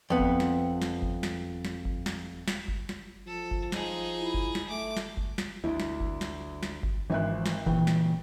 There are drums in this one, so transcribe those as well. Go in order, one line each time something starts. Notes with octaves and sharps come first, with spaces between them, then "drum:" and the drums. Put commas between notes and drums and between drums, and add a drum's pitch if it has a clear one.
F2 B3
drum: kick G1
drum: snare
drum: snare
drum: kick G1
drum: snare
drum: snare
drum: kick G1
drum: snare
drum: snare
drum: kick G1
drum: snare
F3 A4
drum: kick G1
D#4 F4 G#4, drum: snare
E4
drum: kick G1
drum: snare
A3 D6
drum: snare
drum: kick G1
drum: snare
D2 E4
drum: snare
drum: kick G1
drum: snare
drum: snare
drum: kick G1
G#1 E3 F3 E5 F#6
drum: snare
A#2 C#3 E3 G5, drum: kick G1
drum: snare